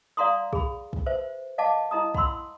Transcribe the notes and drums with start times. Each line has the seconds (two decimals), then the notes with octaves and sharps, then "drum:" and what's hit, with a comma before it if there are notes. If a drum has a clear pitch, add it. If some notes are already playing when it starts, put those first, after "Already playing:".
0.17 D5 F5 F#5 A#5 C6 D#6
0.53 G#4 B5, drum: kick
0.93 drum: kick
1.06 B4 C5 E5
1.58 D#5 F5 F#5 A5 D6
1.91 E4 D#5 A#5 D#6
2.15 F#5 B5 C6 E6, drum: kick